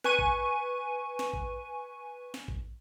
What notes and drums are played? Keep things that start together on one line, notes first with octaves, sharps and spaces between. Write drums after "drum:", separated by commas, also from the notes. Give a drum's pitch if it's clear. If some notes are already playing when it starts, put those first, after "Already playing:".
B4 G#5 C#6 D#7, drum: snare
drum: kick A1
drum: snare
drum: kick A1
drum: snare
drum: kick A1